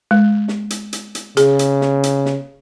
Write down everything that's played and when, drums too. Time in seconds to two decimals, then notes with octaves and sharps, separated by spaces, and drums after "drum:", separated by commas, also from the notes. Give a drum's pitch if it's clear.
0.11 G#3
0.48 drum: snare
0.70 drum: hi-hat
0.93 drum: hi-hat
1.15 drum: hi-hat
1.37 C#3 G#4, drum: hi-hat
1.59 drum: hi-hat
1.81 drum: snare
2.03 drum: hi-hat
2.26 drum: snare